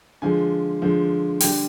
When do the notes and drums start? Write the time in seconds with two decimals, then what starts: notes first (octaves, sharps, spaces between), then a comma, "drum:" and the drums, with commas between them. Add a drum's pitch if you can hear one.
0.22 D3 F3 G#3 G#5
0.82 D3 F3 G#3
1.40 D3 G3 G5, drum: open hi-hat